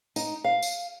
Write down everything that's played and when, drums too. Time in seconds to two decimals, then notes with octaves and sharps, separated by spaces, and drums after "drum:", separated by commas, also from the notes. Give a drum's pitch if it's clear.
0.16 D#4, drum: tambourine
0.44 F5
0.62 drum: tambourine